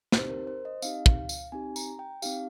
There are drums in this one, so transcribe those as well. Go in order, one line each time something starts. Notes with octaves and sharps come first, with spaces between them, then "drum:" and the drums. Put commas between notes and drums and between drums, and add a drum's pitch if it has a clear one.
C4 D#4 G4 C5, drum: snare
A#4
C5
D#5
C4 D#4 G4 F5, drum: tambourine
drum: kick
drum: tambourine
C4 D#4 G4 G#5
A#5, drum: tambourine
G5
C4 D#4 G4 F5, drum: tambourine